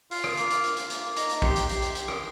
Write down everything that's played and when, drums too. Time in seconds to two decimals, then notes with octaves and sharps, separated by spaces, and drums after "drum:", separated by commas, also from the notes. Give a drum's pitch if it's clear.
0.11 F4 F5, drum: open hi-hat
0.24 drum: rim click
0.37 A#3, drum: hi-hat
0.50 drum: hi-hat
0.64 F4, drum: hi-hat
0.77 drum: hi-hat
0.90 A#3, drum: hi-hat
1.16 D#4 A#5, drum: hi-hat
1.29 drum: hi-hat
1.42 G4 C6, drum: kick A#1
1.56 drum: hi-hat
1.69 G4, drum: hi-hat
1.82 drum: hi-hat
1.95 G4, drum: hi-hat
2.08 drum: rim click